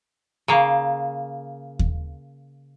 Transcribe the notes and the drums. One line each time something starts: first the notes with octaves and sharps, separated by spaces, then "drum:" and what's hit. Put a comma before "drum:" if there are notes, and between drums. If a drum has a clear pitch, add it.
C#3 A#3
drum: kick D#2